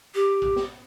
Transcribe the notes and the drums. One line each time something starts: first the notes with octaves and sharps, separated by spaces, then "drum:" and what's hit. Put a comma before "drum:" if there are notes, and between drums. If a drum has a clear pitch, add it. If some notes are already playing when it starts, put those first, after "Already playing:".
G4
drum: kick A1
drum: snare